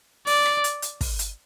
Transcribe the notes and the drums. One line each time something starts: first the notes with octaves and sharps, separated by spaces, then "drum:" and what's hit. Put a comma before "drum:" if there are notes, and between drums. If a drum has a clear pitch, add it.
D5, drum: open hi-hat
drum: rim click
drum: hi-hat
drum: hi-hat
drum: kick, open hi-hat
drum: hi-hat